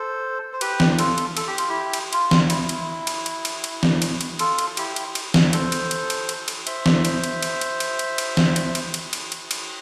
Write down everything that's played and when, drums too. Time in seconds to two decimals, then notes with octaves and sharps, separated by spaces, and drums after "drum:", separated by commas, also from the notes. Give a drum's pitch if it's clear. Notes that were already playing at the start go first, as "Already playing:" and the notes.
Already playing: A4 C5
0.53 C5
0.61 G4 B4, drum: cymbal
0.80 drum: snare
0.99 F4 A4, drum: cymbal
1.18 drum: cymbal
1.37 A4, drum: cymbal
1.47 G4
1.58 F4, drum: cymbal
1.69 E4 G4
1.93 drum: cymbal
2.13 F4, drum: cymbal
2.31 drum: snare
2.50 E4, drum: cymbal
2.69 drum: cymbal
3.07 drum: cymbal
3.26 drum: cymbal
3.45 drum: cymbal
3.64 drum: cymbal
3.83 drum: snare
4.02 drum: cymbal
4.21 drum: cymbal
4.39 F4 A4, drum: cymbal
4.59 drum: cymbal
4.77 E4 G4, drum: cymbal
4.96 drum: cymbal
5.15 drum: cymbal
5.34 drum: snare
5.53 A4 C5, drum: cymbal
5.72 drum: cymbal
5.91 drum: cymbal
6.10 drum: cymbal
6.29 drum: cymbal
6.48 drum: cymbal
6.67 C5 E5, drum: cymbal
6.86 drum: snare
7.05 drum: cymbal
7.24 drum: cymbal
7.42 drum: cymbal
7.61 drum: cymbal
7.80 drum: cymbal
7.99 drum: cymbal
8.18 drum: cymbal
8.37 drum: snare
8.56 drum: cymbal
8.75 drum: cymbal
8.94 drum: cymbal
9.13 drum: cymbal
9.32 drum: cymbal
9.51 drum: cymbal